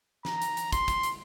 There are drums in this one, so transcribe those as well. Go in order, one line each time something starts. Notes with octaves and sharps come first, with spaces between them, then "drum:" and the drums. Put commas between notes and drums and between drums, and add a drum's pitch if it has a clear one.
A#5, drum: snare
drum: hi-hat
drum: hi-hat
C6, drum: kick, hi-hat
drum: kick, hi-hat
drum: hi-hat